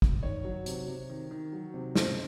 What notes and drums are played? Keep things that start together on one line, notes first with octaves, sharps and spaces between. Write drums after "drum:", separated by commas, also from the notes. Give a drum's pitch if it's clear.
drum: kick
D#3 C#5
F#3
C3, drum: hi-hat
C3
D#3
D#3
F#3
C3
C#3 C5, drum: snare